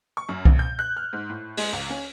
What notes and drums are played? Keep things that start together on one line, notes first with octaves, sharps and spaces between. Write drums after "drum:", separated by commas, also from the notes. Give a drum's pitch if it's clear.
C#6
F#2
A#1, drum: kick C2
G6
F#6
F6
G#2
A2
G#3, drum: open hi-hat
C#2
C#4